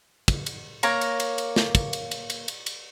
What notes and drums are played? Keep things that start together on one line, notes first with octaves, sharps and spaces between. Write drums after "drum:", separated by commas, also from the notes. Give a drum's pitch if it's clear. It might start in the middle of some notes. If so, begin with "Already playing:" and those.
drum: kick, cymbal
drum: cymbal
A#3 C#5 A#5, drum: cymbal
drum: cymbal
drum: cymbal
drum: cymbal
drum: snare
drum: kick, cymbal
drum: cymbal
drum: cymbal
drum: cymbal
drum: cymbal
drum: cymbal